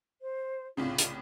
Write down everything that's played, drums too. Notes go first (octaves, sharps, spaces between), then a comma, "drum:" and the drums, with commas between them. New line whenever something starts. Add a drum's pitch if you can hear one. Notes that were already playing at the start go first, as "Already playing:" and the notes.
C5
C2 A2 C#3 F4
drum: hi-hat